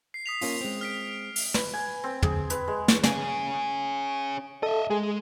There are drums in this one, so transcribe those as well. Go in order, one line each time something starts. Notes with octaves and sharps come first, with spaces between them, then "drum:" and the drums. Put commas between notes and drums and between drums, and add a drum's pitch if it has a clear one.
C7
D#6 B6 F7
A#3 C#4 F4, drum: open hi-hat
G#3 C4
F6 B6 D7
drum: open hi-hat
B4, drum: snare
G#5
C4
G#4, drum: tom
B4, drum: hi-hat
G#3
drum: snare
C#4 G#4, drum: snare
A4 D#5 E5
G#3 G#4